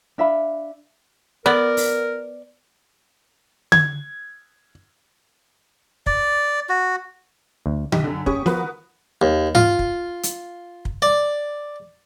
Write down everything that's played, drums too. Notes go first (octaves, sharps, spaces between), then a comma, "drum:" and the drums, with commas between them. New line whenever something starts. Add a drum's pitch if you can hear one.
D4 E5 F5 B5
B3 A#4 D5
drum: open hi-hat
G#6, drum: tom D3
D5, drum: kick
F#4
D2
B1 G4 D#5 B6, drum: tom D3
F#2 D3
C#4 G4 C#6 D#6, drum: kick
F3 F#4 A#4 B4, drum: snare
D#2
F4, drum: tom G#2
drum: kick
drum: hi-hat
drum: kick
D5